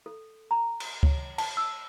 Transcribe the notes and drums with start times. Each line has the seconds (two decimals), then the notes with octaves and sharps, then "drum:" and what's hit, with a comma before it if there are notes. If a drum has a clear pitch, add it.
0.06 A4
0.51 A#5
0.80 drum: cymbal
1.03 C#5, drum: kick C#2
1.38 A5, drum: cymbal
1.57 E6